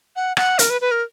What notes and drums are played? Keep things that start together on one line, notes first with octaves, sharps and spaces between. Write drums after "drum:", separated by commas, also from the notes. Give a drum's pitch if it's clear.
F#5
F#5, drum: rim click
A#4, drum: hi-hat
B4
B4
A#4